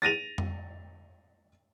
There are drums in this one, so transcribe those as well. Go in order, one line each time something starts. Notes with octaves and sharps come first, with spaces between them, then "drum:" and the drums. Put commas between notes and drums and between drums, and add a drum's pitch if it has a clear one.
A6 A#6 D#7 F7
drum: tom F2